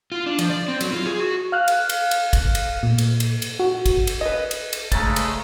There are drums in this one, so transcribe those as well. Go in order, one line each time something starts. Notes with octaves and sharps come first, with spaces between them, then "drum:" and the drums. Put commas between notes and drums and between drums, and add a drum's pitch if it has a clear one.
F4
D4
F3, drum: cymbal
D5
C4
F#3, drum: cymbal
F4
G#4
F#4
F5 F6 F#6
drum: cymbal
drum: cymbal
drum: cymbal
drum: kick G#1, cymbal
drum: cymbal
A#2
drum: cymbal
drum: cymbal
drum: cymbal
F#4
drum: kick G#1, cymbal
drum: cymbal
B4 D#5
drum: cymbal
drum: cymbal
C#3 G#3 A3 A#5 A6, drum: kick G#1, cymbal
drum: cymbal